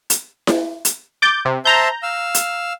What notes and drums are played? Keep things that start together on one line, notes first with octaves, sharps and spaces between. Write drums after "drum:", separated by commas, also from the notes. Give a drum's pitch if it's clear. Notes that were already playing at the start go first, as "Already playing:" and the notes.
drum: hi-hat
drum: snare E4
drum: hi-hat
D6 G6 A6
C3
C5 E5 A5 A#5 G6
F5 E6
drum: hi-hat